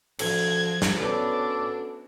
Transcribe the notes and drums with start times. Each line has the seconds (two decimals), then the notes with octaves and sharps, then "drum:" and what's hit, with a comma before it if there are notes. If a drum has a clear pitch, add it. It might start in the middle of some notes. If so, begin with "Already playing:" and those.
0.19 D2 F3 G#6, drum: cymbal
0.82 drum: snare
0.99 D2 B3 C#4 D4 A4 D5 D6